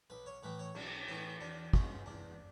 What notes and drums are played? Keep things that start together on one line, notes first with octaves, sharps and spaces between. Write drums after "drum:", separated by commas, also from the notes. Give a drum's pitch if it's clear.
B1 B4
C#5
A2 E3 A3 B4
C#5
B1 D4, drum: cymbal
A2 E3 A3 E4
E2 D4
B2 G#3 C#4, drum: kick
E2 D4